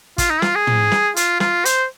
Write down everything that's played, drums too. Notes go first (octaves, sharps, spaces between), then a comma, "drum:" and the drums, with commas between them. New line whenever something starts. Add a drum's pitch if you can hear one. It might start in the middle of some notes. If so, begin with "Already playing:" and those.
F4, drum: kick, hi-hat
D#4
F4, drum: snare
G#4
drum: tom
drum: snare
F4, drum: hi-hat
F4, drum: snare
C5, drum: hi-hat